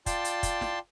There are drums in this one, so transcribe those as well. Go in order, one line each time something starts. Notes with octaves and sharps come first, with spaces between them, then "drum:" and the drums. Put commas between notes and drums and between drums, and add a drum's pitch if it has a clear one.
F4 D5 G5 A5 C6, drum: kick, hi-hat
drum: hi-hat
drum: kick, hi-hat
drum: snare